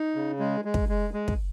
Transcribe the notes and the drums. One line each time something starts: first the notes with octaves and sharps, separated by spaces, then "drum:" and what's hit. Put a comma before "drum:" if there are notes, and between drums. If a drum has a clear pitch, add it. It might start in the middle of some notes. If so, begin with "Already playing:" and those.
Already playing: D#4
C#3
G#3
G#3
drum: kick
G#3
G#3
drum: kick